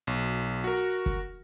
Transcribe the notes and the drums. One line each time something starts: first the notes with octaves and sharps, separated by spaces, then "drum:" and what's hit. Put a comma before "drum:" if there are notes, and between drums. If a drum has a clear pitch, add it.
B1
F#4 A#4
drum: kick